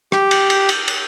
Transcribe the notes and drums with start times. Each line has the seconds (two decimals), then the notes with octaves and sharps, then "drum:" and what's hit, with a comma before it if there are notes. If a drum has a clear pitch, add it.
0.12 G4, drum: rim click
0.31 drum: cymbal
0.50 drum: cymbal
0.69 drum: cymbal
0.88 drum: cymbal